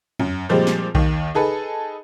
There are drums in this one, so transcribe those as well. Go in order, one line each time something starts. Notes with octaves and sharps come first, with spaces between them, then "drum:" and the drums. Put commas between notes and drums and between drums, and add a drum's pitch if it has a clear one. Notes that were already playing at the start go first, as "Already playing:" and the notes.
F#2, drum: tom E2
A#2 F3 G3 G#3 C4
drum: snare
D#2 D#3, drum: kick B1
D#4 G#4 A4 B4